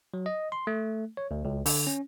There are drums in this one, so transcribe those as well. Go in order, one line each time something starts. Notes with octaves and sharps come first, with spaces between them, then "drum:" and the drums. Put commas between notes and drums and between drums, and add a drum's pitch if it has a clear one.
F#3
D#5
C6
A3
C#5
D2
C#2
D3, drum: open hi-hat
C#4